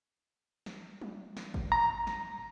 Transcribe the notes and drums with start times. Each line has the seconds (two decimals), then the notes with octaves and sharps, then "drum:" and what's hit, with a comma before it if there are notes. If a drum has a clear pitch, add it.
0.66 drum: snare
1.01 drum: tom F#3
1.37 drum: snare
1.54 drum: kick G#1
1.72 A#5
2.07 drum: snare